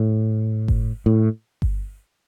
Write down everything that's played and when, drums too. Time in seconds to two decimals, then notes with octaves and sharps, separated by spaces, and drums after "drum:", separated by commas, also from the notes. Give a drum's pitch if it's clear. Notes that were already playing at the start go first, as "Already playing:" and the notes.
Already playing: A2
0.68 drum: kick G1
1.06 A2
1.62 drum: kick G1